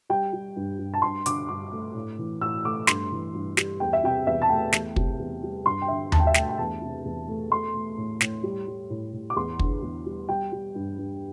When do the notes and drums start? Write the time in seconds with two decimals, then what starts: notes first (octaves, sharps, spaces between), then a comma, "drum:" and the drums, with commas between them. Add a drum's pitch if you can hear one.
0.10 G3 G5
0.33 G3
0.56 G2
0.79 G2
0.94 A5
1.02 G2 C6
1.26 D3 D6, drum: hi-hat
1.49 G2 D6
1.72 A3
1.95 A2
2.19 E3
2.41 A2 E6
2.64 A3 D6
2.87 G2 C6, drum: snare
3.12 E3
3.35 G2
3.57 G3, drum: snare
3.80 E2 G5
3.93 E5
4.04 C3 G5
4.27 E2 E5
4.42 A5
4.49 A3 G5
4.73 E2, drum: snare
4.96 C3, drum: kick
5.19 E2
5.43 G3
5.66 G2 C6
5.82 G5
5.88 D3 E5
6.12 G2 A5, drum: tom D#2
6.20 G5
6.27 E5
6.34 A3 G5, drum: snare
6.49 G5
6.58 E2 A5
6.82 C3
7.05 E2
7.28 A3
7.50 A3 C6
7.74 A3
7.97 A2
8.21 A2, drum: snare
8.43 G3
8.67 G3
8.90 A2
9.13 A2
9.30 D6
9.36 E2 C6
9.59 D3, drum: kick
9.83 E2
10.06 G3
10.29 G3 G5
10.52 G3
10.75 G2
10.98 G2